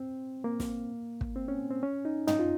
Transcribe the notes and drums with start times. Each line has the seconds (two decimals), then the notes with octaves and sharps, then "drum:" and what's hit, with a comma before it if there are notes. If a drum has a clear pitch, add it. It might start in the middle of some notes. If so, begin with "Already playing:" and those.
Already playing: C4
0.44 A#3
0.60 drum: snare
1.21 drum: kick
1.36 C4
1.48 C#4
1.70 C4
1.83 C#4
2.05 D#4
2.28 D#4, drum: tom
2.39 F4